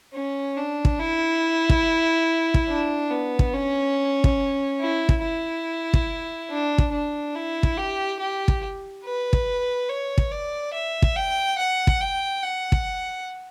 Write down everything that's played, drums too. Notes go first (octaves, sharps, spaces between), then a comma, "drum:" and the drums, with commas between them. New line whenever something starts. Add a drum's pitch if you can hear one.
C#4
D4
drum: kick
E4
drum: kick
drum: kick
D4
B3
drum: kick
C#4
drum: kick
E4
drum: kick
E4
drum: kick
D4
drum: kick
D4
E4
drum: kick
G4
G4
drum: kick
B4
drum: kick
C#5
drum: kick
D5
E5
drum: kick
G5
F#5
drum: kick
G5
F#5
drum: kick